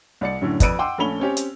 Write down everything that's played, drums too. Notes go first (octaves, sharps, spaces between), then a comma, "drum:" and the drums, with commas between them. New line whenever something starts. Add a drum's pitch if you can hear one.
C2 D5 C#7
F#2 A2 D3
F2 B4 D5 E6 D7 D#7, drum: kick, hi-hat
F#5 G5 C6 D6 E6
A#1 A3 C#4 B5 F7 G7
C4 C#4 G4
drum: hi-hat